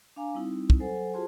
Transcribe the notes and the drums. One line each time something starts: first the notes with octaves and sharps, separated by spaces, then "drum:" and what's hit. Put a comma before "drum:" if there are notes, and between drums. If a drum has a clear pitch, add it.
D4 F5 G#5 A#5 D6
G3 C4 D#4 E4
drum: kick
F#3 A4 C5 F#5 G#5
F4 F#4 G#4 C5 A5 C6